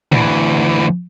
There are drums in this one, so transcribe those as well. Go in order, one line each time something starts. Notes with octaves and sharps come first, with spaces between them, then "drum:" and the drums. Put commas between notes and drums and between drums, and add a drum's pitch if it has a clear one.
D2 E3, drum: tom